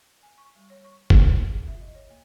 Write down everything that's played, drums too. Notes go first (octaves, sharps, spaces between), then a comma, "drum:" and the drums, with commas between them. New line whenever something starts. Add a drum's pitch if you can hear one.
G#5
C#6
G3
C#5
C#6
C#5, drum: kick
G#4
F4
E5
D#5
C#5
A#3